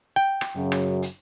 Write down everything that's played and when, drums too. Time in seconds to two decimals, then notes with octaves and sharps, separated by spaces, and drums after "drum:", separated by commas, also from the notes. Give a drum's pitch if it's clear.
0.16 G5
0.41 drum: rim click
0.56 F#2 C#3
0.72 drum: rim click
1.02 drum: hi-hat